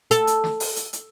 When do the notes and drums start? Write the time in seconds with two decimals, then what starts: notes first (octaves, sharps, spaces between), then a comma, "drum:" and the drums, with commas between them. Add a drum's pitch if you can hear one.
0.11 A4, drum: hi-hat
0.27 drum: hi-hat
0.44 drum: snare
0.60 drum: open hi-hat
0.76 drum: hi-hat
0.93 drum: hi-hat